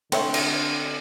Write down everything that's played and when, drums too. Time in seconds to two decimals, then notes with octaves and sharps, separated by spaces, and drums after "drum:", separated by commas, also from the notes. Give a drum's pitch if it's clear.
0.12 D3 C4 B4 C#5 E5, drum: cymbal
0.34 drum: cymbal